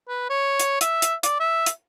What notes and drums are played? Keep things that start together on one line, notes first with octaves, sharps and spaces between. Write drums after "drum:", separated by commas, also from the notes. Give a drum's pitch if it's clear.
B4
C#5
drum: hi-hat
E5, drum: hi-hat
drum: hi-hat
D5, drum: hi-hat
E5
drum: hi-hat